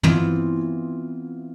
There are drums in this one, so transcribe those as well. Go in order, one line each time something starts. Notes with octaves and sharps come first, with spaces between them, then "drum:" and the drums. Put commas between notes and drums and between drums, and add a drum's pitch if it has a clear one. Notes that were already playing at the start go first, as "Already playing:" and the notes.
E3 B3 C4 F4, drum: tom